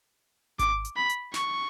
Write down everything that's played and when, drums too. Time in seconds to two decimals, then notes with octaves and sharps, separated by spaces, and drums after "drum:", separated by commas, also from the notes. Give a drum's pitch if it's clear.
0.59 D6, drum: kick G#1, hi-hat
0.85 drum: hi-hat
0.97 B5
1.09 drum: hi-hat
1.34 C#6, drum: snare